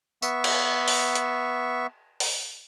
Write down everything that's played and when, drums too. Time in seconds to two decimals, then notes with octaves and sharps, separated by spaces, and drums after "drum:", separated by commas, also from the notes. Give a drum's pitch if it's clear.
0.22 B3 E5 C#6, drum: tambourine
0.44 drum: cymbal
0.88 drum: open hi-hat
1.15 drum: hi-hat
2.20 drum: open hi-hat